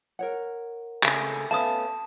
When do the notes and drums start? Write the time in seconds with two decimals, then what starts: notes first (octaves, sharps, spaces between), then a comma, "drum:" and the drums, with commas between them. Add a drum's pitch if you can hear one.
0.19 A#4 C#5 F#5
1.04 C#3 A3, drum: clap
1.51 A3 B3 C#4 F5 A5 D#6